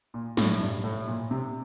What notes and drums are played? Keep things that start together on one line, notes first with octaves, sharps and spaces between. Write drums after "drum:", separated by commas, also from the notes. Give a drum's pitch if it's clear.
A#2
A2, drum: snare
G2
A2
A#2
C3